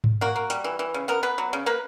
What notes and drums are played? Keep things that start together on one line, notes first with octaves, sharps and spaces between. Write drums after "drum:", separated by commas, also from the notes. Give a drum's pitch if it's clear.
drum: tom G#2
A#3 F#4
A#3
G3, drum: hi-hat
E3
E3
C#3
B3 A#4
B3 B4
F#3
C#3
A#3 B4